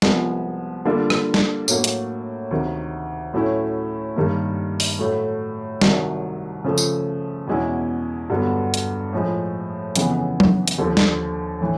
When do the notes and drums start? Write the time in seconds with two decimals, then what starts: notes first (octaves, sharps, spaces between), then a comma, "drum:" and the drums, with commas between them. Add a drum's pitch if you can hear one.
0.02 C2 C3 F3 G#3 B3, drum: snare
0.85 D3 G3 A#3 D4 F4
1.10 drum: rim click
1.34 drum: snare
1.68 A2 F#3 A#3, drum: tambourine
1.84 drum: hi-hat
2.51 D2 C3 D#3
3.34 A2 F#3 A3 C#4 E4
4.16 G2 D#3 G3 A#3
4.80 drum: open hi-hat
4.99 A2 F#3 A3
5.81 C2 C3 D#3 F#3, drum: snare
6.64 C#3 F3 A3
6.78 drum: tambourine
7.47 E2 B2 G#3 C#4 E4
8.30 G2 D3 F#3 B3
8.74 drum: hi-hat
9.13 A2 F3 G#3
9.96 F2 C#3 E3 G#3 B3, drum: hi-hat
10.40 drum: tom F#3
10.68 drum: hi-hat
10.78 D#2 D3 F3
10.97 drum: snare
11.61 A2 E3